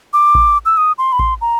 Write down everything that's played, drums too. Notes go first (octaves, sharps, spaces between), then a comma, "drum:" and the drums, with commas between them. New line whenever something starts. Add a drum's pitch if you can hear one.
D6
drum: kick A1
E6
D#6
C6
B5
C6, drum: kick A1
A#5